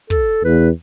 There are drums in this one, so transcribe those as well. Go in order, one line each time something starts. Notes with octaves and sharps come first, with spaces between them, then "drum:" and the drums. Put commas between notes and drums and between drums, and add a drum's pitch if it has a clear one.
A4, drum: kick
E2 B4